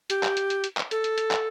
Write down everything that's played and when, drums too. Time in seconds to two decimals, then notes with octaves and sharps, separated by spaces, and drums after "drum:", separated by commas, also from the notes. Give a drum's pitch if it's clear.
0.10 G4, drum: hi-hat
0.23 drum: clap
0.37 drum: hi-hat
0.50 drum: hi-hat
0.64 drum: hi-hat
0.77 drum: clap
0.91 A4, drum: hi-hat
1.04 drum: hi-hat
1.18 drum: hi-hat
1.31 drum: clap